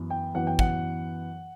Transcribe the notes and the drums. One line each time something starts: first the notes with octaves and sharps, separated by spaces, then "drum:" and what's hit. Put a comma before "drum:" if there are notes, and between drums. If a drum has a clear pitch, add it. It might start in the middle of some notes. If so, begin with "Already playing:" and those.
Already playing: F#2 E3 B3
G5
F#2 E3 B3 F#5
G5
F#5, drum: kick